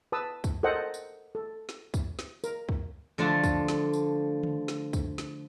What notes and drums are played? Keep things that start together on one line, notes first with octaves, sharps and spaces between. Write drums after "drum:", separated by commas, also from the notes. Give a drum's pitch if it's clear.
B4 A5 D#6 E6
drum: kick, tambourine
A4 A#4 C5 D#5 F#5 G5
drum: tambourine
A4
drum: snare
drum: kick, tambourine
drum: snare
A#4, drum: tambourine
drum: kick
D3 F3 A3 D4
drum: kick, tambourine
drum: snare
drum: tambourine
drum: tom D3
drum: snare
drum: kick, tambourine
drum: snare